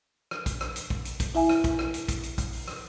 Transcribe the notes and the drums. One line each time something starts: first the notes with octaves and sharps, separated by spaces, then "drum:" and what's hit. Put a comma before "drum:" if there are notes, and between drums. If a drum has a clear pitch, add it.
drum: rim click
drum: kick, hi-hat
drum: rim click
drum: hi-hat
drum: kick
drum: hi-hat
drum: kick, hi-hat
E4 E5 G#5, drum: open hi-hat
drum: rim click
drum: kick, hi-hat
drum: rim click
drum: hi-hat
drum: kick, hi-hat
drum: hi-hat
drum: kick, hi-hat
drum: open hi-hat
drum: rim click